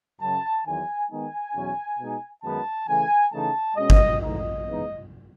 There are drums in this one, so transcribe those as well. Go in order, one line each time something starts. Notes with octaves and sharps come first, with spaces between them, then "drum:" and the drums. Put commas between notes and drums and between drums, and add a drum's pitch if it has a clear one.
F#2 C#3 F#3 A5
E2 D#3 F#3 G#5
D#3 G#3 B3 D#4 G#5
E2 B2 F#3 C#4
B2 G#3 D#4
F#2 D#3 G#3 B3 D#4 A5
C#3 E3 A3 G#5
C#3 E3 A3 D#4 A5
B2 G#3 C#4 D#5
drum: kick G1
G#2 E3 A3 D#4 D#5
C#3 E3 G#3 B3 D#4